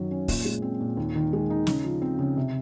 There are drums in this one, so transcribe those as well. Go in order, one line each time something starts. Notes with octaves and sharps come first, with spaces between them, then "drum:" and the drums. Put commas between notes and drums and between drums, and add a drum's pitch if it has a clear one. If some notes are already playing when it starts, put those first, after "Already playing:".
Already playing: F#2 D#3 F#3
C#4
A#2, drum: kick, open hi-hat
G#3
C4
A#2
D#2
D#3
G#3
D#4
C#3, drum: snare
F3
C4
C#3
C3